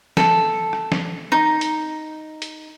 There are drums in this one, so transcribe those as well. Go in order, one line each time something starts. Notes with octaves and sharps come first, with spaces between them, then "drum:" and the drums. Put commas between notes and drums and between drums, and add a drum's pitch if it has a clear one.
A4, drum: snare
drum: rim click
drum: snare
D#4
drum: hi-hat
drum: hi-hat